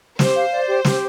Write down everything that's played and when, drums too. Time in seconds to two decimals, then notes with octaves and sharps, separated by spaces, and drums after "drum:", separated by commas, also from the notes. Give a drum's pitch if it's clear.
0.19 G4 C5, drum: snare
0.36 F5
0.52 D5
0.68 G4
0.85 G4, drum: snare